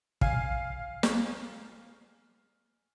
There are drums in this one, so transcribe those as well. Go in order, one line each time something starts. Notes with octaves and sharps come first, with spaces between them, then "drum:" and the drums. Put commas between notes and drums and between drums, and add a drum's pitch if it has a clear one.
F5 G#5, drum: kick
drum: snare